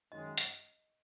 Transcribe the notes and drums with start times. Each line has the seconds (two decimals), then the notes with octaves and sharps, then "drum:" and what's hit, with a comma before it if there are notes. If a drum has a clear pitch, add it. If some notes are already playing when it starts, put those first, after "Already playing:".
0.12 F#2 D#3 G#3 D#5
0.38 drum: hi-hat